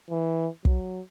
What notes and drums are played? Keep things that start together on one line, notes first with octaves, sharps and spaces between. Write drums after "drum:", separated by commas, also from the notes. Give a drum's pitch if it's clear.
E3
F#3, drum: kick